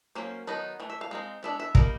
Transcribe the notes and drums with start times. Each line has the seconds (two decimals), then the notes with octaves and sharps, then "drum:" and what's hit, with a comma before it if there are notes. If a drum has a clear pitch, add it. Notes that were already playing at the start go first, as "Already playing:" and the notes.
0.15 F#3 A#3 C#4 C5
0.47 D#3 F#3 B3 D#4
0.80 E3 A3
0.90 E5
1.01 F5
1.11 G#3 C4 D#4
1.43 G#3 B3 D4 E5
1.60 E5
1.75 G3 A#3 D#4 A#4, drum: kick